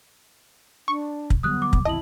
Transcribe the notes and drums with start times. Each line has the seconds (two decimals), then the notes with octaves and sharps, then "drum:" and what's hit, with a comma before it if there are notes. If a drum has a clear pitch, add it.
0.88 D4 C#6
1.30 drum: kick
1.43 D3 F#3 G3 B3 D#6 F#6
1.62 D6
1.73 drum: kick
1.85 G#1 E2 C3 E4 D#5 A5 F#7